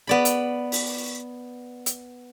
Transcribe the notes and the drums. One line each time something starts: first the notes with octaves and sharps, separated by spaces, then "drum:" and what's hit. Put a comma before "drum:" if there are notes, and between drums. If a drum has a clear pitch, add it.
B3 D5 B5
drum: hi-hat
drum: open hi-hat
drum: hi-hat